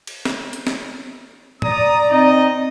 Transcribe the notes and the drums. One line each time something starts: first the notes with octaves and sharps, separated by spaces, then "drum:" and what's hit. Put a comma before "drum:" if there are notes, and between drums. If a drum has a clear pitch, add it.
drum: cymbal
drum: snare
drum: hi-hat
drum: snare
D5 A#5 D#6, drum: tom A2
C4 D#4 D#5